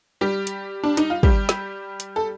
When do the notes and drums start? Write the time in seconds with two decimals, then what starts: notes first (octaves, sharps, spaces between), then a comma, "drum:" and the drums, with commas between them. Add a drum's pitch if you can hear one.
0.21 G3 G4
0.47 drum: hi-hat
0.83 D4
0.97 D#4, drum: hi-hat
1.10 F4
1.23 G3 G4, drum: kick
1.49 drum: snare
2.00 drum: hi-hat
2.16 A4